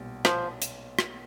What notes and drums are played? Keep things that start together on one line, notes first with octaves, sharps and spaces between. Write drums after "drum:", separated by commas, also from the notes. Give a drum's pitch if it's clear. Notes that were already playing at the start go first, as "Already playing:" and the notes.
Already playing: B1 A#2 G3
F3, drum: rim click
drum: hi-hat
drum: rim click